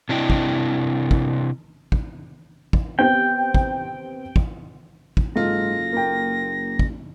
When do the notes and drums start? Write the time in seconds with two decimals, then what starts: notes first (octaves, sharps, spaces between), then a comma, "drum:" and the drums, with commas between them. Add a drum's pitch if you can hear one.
0.09 C3 D4 E4 D#5 G5
0.30 drum: kick
1.11 drum: kick
1.92 drum: kick
2.73 drum: kick
2.99 B3 C4 G4 G5
3.55 drum: kick
4.36 drum: kick
5.17 drum: kick
5.36 F#1 G#2 F4 A4 A#6
5.93 A#3 G5
6.79 drum: kick